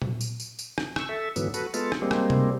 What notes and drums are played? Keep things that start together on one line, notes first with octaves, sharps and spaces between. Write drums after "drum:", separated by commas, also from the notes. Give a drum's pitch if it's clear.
drum: tom A#2
drum: tambourine
drum: tambourine
drum: tambourine
drum: rim click
C#6 E6, drum: rim click
A4 E5
G#2 D3 E3 F#3 B3, drum: tambourine
F#4 A4 B4, drum: tambourine
G#3 B3 F4 A4, drum: tambourine
drum: rim click
G3 G#3 A#3 C4
drum: rim click
drum: tom C3